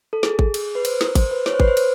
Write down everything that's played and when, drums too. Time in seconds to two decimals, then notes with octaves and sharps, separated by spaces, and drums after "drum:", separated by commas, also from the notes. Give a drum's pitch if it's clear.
0.13 A4
0.23 G#4, drum: snare
0.39 drum: kick G#1
0.54 drum: cymbal
0.75 B4
0.85 C5, drum: cymbal
1.01 A#4, drum: snare
1.15 C5, drum: kick G#1, cymbal
1.31 B4
1.46 C#5, drum: snare
1.54 C5
1.60 B4, drum: kick G#1
1.68 C5
1.77 drum: cymbal